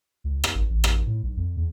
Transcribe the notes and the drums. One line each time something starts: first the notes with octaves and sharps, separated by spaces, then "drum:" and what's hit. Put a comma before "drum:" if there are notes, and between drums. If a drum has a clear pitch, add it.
C#2
drum: rim click
G#1
A1
drum: rim click
A2
B1
F2
E2